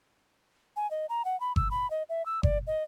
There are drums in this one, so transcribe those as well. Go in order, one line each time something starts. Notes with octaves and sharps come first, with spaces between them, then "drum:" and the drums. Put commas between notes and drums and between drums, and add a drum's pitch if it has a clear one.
G#5
D#5
A#5
F#5
B5
E6, drum: kick G1
B5
D#5
E5
E6
D5, drum: kick G1
D#5